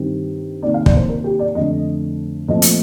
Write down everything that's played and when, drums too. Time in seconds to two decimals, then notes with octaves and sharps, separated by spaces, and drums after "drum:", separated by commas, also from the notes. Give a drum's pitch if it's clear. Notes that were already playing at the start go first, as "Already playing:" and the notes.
Already playing: G2 D#3 G3 C4
0.62 C3 D#3 A#3 D5
0.74 F5
0.86 D5, drum: kick
0.97 C5
1.09 A#4
1.24 G4
1.39 D5
1.55 F2 D3 A3 D#5
2.48 A#2 F3 A3 C4 D#5
2.62 drum: hi-hat